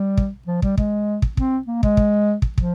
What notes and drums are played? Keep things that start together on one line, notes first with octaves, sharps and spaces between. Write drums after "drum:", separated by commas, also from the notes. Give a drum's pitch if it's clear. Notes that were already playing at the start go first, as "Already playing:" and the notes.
Already playing: G3
drum: kick
F3
G3, drum: kick
G#3, drum: kick
drum: kick
C4, drum: kick
A#3
G#3, drum: kick
drum: kick
drum: kick
F3, drum: kick